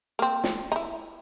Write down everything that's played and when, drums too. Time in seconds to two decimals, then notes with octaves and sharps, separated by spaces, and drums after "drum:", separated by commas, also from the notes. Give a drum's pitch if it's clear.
0.19 A#3 C4
0.44 drum: snare
0.72 D#4 E4